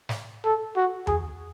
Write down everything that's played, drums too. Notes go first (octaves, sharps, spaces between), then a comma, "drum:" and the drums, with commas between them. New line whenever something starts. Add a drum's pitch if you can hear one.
drum: snare
A4
F#4
G#4, drum: tom E2